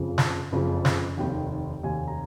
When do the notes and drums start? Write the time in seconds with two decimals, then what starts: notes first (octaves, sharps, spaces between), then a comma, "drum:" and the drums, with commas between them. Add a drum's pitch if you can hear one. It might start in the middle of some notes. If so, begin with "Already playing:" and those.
Already playing: F#1 F2 C#3 F3
0.18 A5, drum: snare
0.52 F#1 F2 C#3 F3
0.85 drum: snare
1.17 F1 D#2 D#3 G5
1.83 F1 D#2 D#3 G#5
2.08 A#5